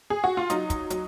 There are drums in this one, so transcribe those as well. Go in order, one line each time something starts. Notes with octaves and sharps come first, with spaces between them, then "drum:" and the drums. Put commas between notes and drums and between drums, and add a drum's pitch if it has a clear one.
G#4
F#4
F4
F#3 D#4, drum: hi-hat
drum: kick, hi-hat
F#3, drum: hi-hat